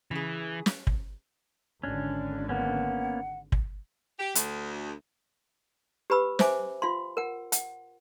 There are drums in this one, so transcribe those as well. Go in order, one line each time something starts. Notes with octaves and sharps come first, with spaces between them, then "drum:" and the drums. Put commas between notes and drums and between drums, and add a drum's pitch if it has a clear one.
C#3 E3 G#4
drum: snare
drum: kick
G#1 D3 C#4 D4
A#3 B3 C#4 F#5
drum: kick
G4
D2, drum: hi-hat
G4 B4 B5 E6
C5 E5 G#5 D6, drum: snare
F4 F5 C6
A#4 F#5
F#5, drum: hi-hat